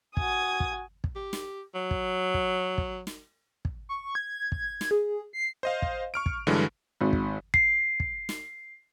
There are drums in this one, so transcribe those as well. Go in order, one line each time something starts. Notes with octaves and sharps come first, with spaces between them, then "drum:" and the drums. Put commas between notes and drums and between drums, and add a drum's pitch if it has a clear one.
F#4 G#5 D#6 G#6, drum: kick
drum: kick
drum: kick
G4
drum: snare
F#3
drum: kick
drum: kick
drum: kick
drum: snare
drum: kick
C#6
G#6
drum: kick
drum: snare
G#4
C7
C5 D#5 F5
drum: kick
C#6 F6 D7
drum: kick
G2 D3 E3 F#3 G#3
G#1
drum: kick
C7, drum: kick
drum: kick
drum: snare